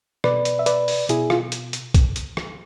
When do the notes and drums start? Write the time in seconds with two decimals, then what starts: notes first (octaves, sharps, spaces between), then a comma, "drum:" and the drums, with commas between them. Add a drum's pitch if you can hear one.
0.24 B2 B4 D5, drum: rim click
0.45 drum: hi-hat
0.59 E5
0.66 B4 D5, drum: hi-hat
0.88 drum: open hi-hat
1.09 B2 E4 G#4, drum: hi-hat
1.30 F4, drum: rim click
1.52 drum: hi-hat
1.73 drum: hi-hat
1.94 drum: kick, hi-hat
2.16 drum: hi-hat
2.37 drum: rim click